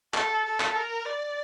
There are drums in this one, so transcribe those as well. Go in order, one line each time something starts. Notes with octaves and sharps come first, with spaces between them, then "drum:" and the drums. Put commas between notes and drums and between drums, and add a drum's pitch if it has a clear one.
A4, drum: clap
A4
drum: clap
A#4
D5